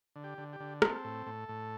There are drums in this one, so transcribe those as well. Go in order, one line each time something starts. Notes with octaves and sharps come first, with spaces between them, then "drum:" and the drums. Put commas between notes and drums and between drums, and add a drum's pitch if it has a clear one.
D3
G4
D3
G4
D3
C4 A4, drum: rim click
A2
A2
A2